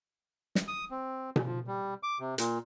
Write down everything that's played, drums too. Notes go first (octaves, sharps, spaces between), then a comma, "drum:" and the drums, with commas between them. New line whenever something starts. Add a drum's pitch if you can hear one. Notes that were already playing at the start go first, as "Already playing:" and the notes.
drum: snare
D#6
C4
drum: tom B2
F3
G3
D6
C3
A#2, drum: hi-hat